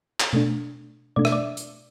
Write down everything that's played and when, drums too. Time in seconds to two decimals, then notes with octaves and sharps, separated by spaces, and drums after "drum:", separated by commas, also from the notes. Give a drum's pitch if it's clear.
0.20 drum: clap
0.33 B2 A3 D4
1.16 B2 A3 D4 D5
1.25 E5, drum: rim click
1.32 D5
1.57 drum: hi-hat